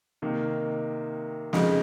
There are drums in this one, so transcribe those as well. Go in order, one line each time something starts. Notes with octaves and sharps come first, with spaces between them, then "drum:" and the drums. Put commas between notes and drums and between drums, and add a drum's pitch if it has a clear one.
C3 D#3 A#3 D#4
F2 C#3 G#3 D#4, drum: snare